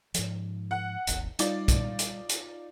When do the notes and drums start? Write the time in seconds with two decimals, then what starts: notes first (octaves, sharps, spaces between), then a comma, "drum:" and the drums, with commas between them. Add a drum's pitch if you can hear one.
0.14 G#2 F3, drum: hi-hat
0.71 F#5
1.07 D#1 G#1 D#2, drum: hi-hat
1.39 G3 D#4 F4 D5, drum: hi-hat
1.68 drum: kick, hi-hat
1.99 drum: hi-hat
2.29 drum: hi-hat